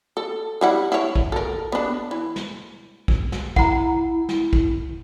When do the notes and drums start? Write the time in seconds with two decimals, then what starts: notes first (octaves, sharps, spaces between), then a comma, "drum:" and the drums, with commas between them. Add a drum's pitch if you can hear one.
0.17 A4
0.61 G3 E4 F#5
0.92 E4 C#5
1.16 drum: kick
1.32 A4 A#4
1.72 B3 D4
2.11 E3
2.36 drum: snare
3.08 drum: kick
3.32 drum: snare
3.56 E4 F#5 A#5, drum: kick
4.29 drum: snare
4.53 drum: kick